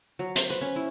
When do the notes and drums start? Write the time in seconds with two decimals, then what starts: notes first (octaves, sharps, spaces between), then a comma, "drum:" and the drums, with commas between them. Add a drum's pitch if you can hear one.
0.19 F#3
0.36 C5, drum: hi-hat
0.50 B4
0.61 C#4
0.76 E4